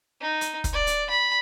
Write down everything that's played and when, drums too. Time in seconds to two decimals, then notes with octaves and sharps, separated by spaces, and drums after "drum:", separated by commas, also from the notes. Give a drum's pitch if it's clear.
0.21 D#4
0.41 drum: hi-hat
0.64 drum: kick, hi-hat
0.73 D5
0.87 drum: hi-hat
1.10 B5